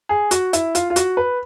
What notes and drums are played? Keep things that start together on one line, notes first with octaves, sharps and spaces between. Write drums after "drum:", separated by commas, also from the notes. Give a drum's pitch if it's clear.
G#4
F#4, drum: hi-hat
E4, drum: hi-hat
F4, drum: hi-hat
F4
F#4, drum: hi-hat
B4